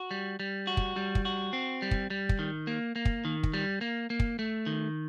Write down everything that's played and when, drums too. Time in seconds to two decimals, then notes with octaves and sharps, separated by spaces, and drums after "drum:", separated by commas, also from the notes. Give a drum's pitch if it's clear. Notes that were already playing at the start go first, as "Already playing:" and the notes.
Already playing: F#4
0.11 G3
0.40 G3
0.67 F#4
0.77 drum: kick
0.96 G3
1.15 drum: kick
1.25 F#4
1.53 C4
1.82 G3
1.91 drum: kick
2.10 G3
2.29 drum: kick
2.39 D#3
2.67 A#3
2.96 A#3
3.05 drum: kick
3.25 D#3
3.43 drum: kick
3.54 G3
3.81 A#3
4.10 A#3
4.20 drum: kick
4.39 A3
4.66 D#3